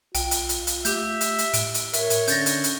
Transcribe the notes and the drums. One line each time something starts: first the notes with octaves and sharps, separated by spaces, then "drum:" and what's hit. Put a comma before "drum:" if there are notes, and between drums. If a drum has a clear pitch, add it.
B1 F4 G5, drum: hi-hat
drum: hi-hat
drum: hi-hat
drum: hi-hat
A3 G4 E5 G6, drum: hi-hat
drum: hi-hat
drum: hi-hat
A2 D7, drum: hi-hat
drum: hi-hat
A#4 C#5 E5, drum: hi-hat
drum: hi-hat
D3 C#4 G6 A6 A#6, drum: hi-hat
drum: hi-hat
drum: hi-hat